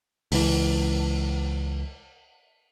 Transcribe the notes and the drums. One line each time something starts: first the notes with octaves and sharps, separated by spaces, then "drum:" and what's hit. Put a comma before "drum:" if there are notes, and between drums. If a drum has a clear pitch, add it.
C#2 E3, drum: open hi-hat